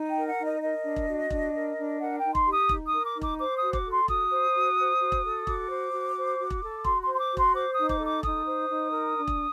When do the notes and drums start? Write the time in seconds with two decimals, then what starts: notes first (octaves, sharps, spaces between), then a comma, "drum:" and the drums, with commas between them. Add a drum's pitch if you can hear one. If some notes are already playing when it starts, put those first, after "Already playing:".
Already playing: D#4
0.09 G5
0.16 A#4
0.27 F#5
0.39 D#4
0.44 D#5
0.61 A#4 D#5
0.84 D4
0.96 drum: kick E1
1.08 F#4
1.30 D4, drum: kick E1
1.54 A#4
1.77 D4
2.00 A#4 F#5
2.17 G5
2.23 D#4
2.35 C6, drum: kick E1
2.46 G4
2.53 D#6
2.69 D#4, drum: kick E1
2.87 D#6
2.93 A#4
3.04 D6
3.15 D#4
3.22 D6, drum: kick E1
3.39 C5 D6
3.56 D#6
3.62 F#4
3.73 D6, drum: kick E1
3.85 A4
3.91 C6
4.08 F#4 D#6, drum: kick E1
4.31 C5
4.54 F#4
4.78 C5
5.00 F#4
5.12 drum: kick E1
5.23 A4
5.47 F#4 D6, drum: kick E1
5.69 C5
5.93 F#4
6.15 C5
6.39 F#4
6.50 drum: kick E1
6.62 A4
6.85 F#4 C6, drum: kick E1
7.03 C6
7.08 C5
7.15 C6
7.19 D6
7.32 F#4
7.37 C6, drum: kick E1
7.54 C5 D6
7.72 D#6
7.78 D#4
7.89 D6, drum: kick E1
8.00 A4
8.06 D6
8.23 D#4 D#6, drum: kick E1
8.47 C5
8.69 D#4
8.93 A#4
9.16 D4
9.27 drum: kick E1